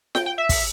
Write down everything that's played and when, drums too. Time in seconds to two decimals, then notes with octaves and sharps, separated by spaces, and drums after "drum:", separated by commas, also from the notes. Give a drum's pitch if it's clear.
0.15 G5, drum: snare F4
0.26 G5
0.38 E5
0.49 drum: kick, open hi-hat